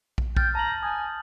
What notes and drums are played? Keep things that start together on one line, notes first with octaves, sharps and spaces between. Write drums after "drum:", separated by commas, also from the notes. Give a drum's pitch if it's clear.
drum: kick
G5 F6 G6 A6, drum: kick
A5 A#5 F#7
G#5 D#6